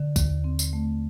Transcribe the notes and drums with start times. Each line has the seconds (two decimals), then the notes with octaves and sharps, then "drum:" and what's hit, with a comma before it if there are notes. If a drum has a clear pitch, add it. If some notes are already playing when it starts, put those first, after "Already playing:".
Already playing: D3
0.16 D#2, drum: kick, tambourine
0.44 C4
0.59 drum: tambourine
0.73 A3